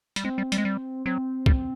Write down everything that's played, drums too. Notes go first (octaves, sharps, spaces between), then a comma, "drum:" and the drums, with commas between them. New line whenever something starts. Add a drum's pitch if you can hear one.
G3, drum: hi-hat
G#3 C4
G3
G3, drum: hi-hat
G#3
G3
F#3 C4
G3, drum: kick